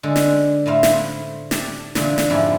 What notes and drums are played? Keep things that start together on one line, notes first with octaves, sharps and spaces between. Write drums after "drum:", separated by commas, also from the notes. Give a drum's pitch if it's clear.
D3 G#3
drum: snare
A2 A3 C5 F5
drum: snare
G4 A5, drum: snare
E2 A#2 D3, drum: snare
drum: snare
F2 G#2 F3 E4 G4